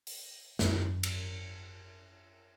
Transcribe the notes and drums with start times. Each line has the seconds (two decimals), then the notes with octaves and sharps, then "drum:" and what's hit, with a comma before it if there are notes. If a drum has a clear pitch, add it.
0.07 drum: open hi-hat
0.59 G#1 F#2, drum: snare
1.03 drum: cymbal